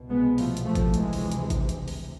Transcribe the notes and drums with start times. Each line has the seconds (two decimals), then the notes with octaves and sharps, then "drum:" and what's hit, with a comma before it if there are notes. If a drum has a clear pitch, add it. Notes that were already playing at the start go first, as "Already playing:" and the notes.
Already playing: C2 B2
0.10 G#3 B3
0.38 F3 A3, drum: open hi-hat
0.57 drum: hi-hat
0.66 F3 A3
0.75 drum: kick G#1, hi-hat
0.94 D2 C3 E3 G#3, drum: hi-hat
1.13 drum: open hi-hat
1.32 drum: hi-hat
1.50 drum: kick G#1, hi-hat
1.69 drum: hi-hat
1.88 drum: open hi-hat